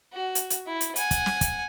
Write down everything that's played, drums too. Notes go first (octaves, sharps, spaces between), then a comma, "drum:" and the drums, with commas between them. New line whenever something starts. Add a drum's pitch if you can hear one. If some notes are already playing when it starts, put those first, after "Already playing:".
F#4
drum: hi-hat
drum: hi-hat
E4
drum: hi-hat
F#5 G#5, drum: hi-hat
drum: kick, hi-hat
drum: snare
drum: kick, hi-hat